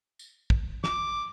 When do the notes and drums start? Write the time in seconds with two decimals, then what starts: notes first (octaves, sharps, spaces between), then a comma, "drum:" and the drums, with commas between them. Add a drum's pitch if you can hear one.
0.19 drum: tambourine
0.50 drum: kick
0.84 D6, drum: snare